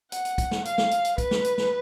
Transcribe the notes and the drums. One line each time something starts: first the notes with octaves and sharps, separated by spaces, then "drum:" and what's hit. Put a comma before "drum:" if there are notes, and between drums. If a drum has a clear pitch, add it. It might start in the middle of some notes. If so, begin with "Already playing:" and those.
F#5, drum: hi-hat
drum: hi-hat
drum: kick, hi-hat
drum: snare
F5, drum: hi-hat
drum: snare
drum: hi-hat
drum: hi-hat
B4, drum: kick, hi-hat
drum: snare
drum: hi-hat
drum: snare